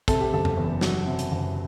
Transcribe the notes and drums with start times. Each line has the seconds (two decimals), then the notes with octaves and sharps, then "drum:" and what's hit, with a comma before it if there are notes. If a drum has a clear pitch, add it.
0.08 C3 A4, drum: kick, hi-hat
0.21 G4
0.33 F#1 A4
0.45 drum: tom E2
0.57 E2
0.81 F#3, drum: snare
1.07 C3
1.19 drum: hi-hat
1.31 F#1